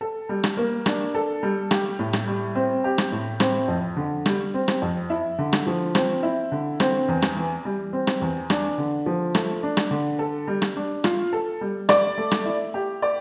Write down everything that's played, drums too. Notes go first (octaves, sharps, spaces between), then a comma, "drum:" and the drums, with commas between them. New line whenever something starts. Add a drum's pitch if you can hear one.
A4
G3
drum: rim click
A#3
D4, drum: rim click
A4
G3
G4, drum: rim click
A2
drum: rim click
G3
C4
G4
drum: rim click
A2
C4, drum: rim click
F2
D3
G3, drum: rim click
C4
drum: rim click
F2
E4
D3
drum: rim click
F3
C4, drum: rim click
E4
D3
C4, drum: rim click
E2
drum: rim click
E3
G3
C4
drum: rim click
E2
D4, drum: rim click
D3
F3
A3, drum: rim click
D4
drum: rim click
D3
A4
G3
drum: rim click
D4
F4, drum: rim click
A4
G3
D5, drum: rim click
A3
drum: rim click
E4
G4
D5